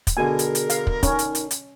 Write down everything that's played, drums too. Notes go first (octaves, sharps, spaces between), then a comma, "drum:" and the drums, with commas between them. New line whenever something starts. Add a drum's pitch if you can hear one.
drum: kick, hi-hat
B2 D3 G#4 A#4 G#5
drum: hi-hat
drum: hi-hat
F5, drum: hi-hat
drum: kick
C#4 D#4, drum: kick, hi-hat
drum: hi-hat
drum: hi-hat
drum: hi-hat